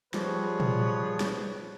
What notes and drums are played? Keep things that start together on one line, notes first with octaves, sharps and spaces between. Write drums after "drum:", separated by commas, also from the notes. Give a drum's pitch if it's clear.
F3 G3 G#4 B4 C#5, drum: snare
drum: tom A#2
drum: snare